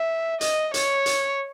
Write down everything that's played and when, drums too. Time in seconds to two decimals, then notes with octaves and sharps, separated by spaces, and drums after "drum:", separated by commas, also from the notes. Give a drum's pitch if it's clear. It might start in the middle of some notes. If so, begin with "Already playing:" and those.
Already playing: E5
0.41 D#5, drum: hi-hat
0.74 C#5, drum: hi-hat
1.06 drum: hi-hat